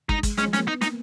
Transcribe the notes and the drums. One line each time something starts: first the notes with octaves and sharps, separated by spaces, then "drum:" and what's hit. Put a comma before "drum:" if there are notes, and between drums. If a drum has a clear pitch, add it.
G#3 D#4, drum: kick
G#3, drum: kick, hi-hat
G#3 C#4, drum: snare
F3
C#4, drum: snare
A#3
B3 D#4
A#3 D#4, drum: snare